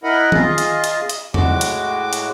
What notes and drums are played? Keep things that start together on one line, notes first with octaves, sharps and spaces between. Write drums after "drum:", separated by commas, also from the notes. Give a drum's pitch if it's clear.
E4 A#4 D#5 F#5 B5
F4 G#4 D#5, drum: tom D#3
drum: hi-hat
drum: hi-hat
drum: hi-hat
A2 G#3 F#4 D6, drum: tom E2
drum: hi-hat
drum: hi-hat